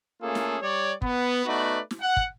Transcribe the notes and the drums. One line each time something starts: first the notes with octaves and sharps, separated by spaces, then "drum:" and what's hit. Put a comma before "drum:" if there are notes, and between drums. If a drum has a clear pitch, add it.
A3 A#3 C#4 F4 G#4 A4
drum: snare
G3 C#5 D5
B3, drum: kick
A3 B3 D#4 F#4 B4 D5
drum: snare
F#5
drum: kick